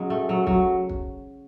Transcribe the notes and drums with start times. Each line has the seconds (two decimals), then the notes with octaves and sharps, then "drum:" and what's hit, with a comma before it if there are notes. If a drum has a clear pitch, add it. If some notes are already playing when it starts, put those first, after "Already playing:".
Already playing: C#3 F#3 G#3
0.10 A3
0.29 F#3
0.47 F#3, drum: kick
0.90 drum: kick